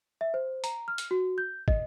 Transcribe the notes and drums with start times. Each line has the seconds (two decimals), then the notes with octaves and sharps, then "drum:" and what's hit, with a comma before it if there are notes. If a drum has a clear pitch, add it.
0.21 E5
0.34 C5
0.64 A#5, drum: hi-hat
0.88 F6
0.98 drum: hi-hat
1.11 F#4
1.38 G6
1.68 D#5, drum: kick